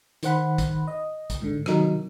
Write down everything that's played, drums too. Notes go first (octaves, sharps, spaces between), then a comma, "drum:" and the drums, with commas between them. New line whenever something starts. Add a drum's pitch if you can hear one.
D#3 C5 F#5 B5, drum: hi-hat
drum: kick, hi-hat
D#5
drum: kick, hi-hat
G#2 D3
C3 D#3 F#3 D#4, drum: rim click